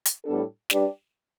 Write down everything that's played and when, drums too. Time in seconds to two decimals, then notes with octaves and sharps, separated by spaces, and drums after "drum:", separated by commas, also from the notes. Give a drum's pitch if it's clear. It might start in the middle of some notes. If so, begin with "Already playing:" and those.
0.06 drum: hi-hat
0.25 A2 G3 B3 D4 A4
0.70 G3 D4 G4 B4 D5, drum: snare